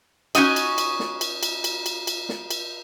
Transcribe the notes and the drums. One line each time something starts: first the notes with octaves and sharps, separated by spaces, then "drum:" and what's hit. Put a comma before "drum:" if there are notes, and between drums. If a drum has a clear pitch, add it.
C#4 D#4 F#4 D#5, drum: cymbal
drum: cymbal
drum: cymbal
drum: snare
drum: cymbal
drum: cymbal
drum: cymbal
drum: cymbal
drum: cymbal
drum: snare
drum: cymbal